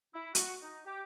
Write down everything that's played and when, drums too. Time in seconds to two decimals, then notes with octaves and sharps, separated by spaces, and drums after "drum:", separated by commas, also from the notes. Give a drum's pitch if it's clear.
0.15 E4
0.35 F#4, drum: hi-hat
0.62 D#4
0.86 G4